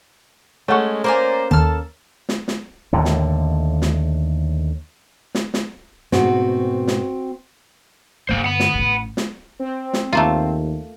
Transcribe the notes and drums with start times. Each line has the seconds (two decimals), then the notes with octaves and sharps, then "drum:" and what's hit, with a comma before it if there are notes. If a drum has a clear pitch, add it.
0.68 G#3 A3 C#4 C#5 F#5 C#6
1.04 A#3 A#4 C5 D5 G#5
1.51 D#2 A4 A5 F6
2.29 drum: snare
2.48 drum: snare
2.93 D#2 A2 D3
3.05 drum: snare
3.82 drum: snare
5.35 drum: snare
5.54 drum: snare
6.12 G#2 B2 A3 C4 F#4, drum: snare
6.88 drum: snare
8.29 G2 D3 A#3 C5
8.44 F#5 B5
8.60 drum: snare
8.75 A1 C#4
9.17 drum: snare
9.59 C4
9.93 drum: snare
10.13 D#2 A3 A#3 F4